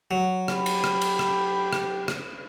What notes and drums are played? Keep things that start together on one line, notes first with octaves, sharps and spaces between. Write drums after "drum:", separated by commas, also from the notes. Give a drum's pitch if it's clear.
F#3
G4 B5, drum: rim click
drum: cymbal
drum: rim click
drum: cymbal
drum: rim click
drum: rim click
drum: rim click